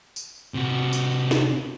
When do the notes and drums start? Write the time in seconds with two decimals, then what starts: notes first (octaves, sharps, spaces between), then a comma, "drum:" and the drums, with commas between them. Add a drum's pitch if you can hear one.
0.16 drum: tambourine
0.54 C3 F#4
0.93 drum: tambourine
1.31 drum: snare